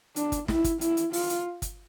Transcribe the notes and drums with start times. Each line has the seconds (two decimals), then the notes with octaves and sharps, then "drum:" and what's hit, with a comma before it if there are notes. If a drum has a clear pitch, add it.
0.16 D4, drum: hi-hat
0.32 drum: kick G1, hi-hat
0.48 E4, drum: snare
0.64 drum: kick G1, hi-hat
0.81 E4, drum: hi-hat
0.97 drum: hi-hat
1.13 F4, drum: open hi-hat
1.29 drum: hi-hat
1.62 drum: kick G1, hi-hat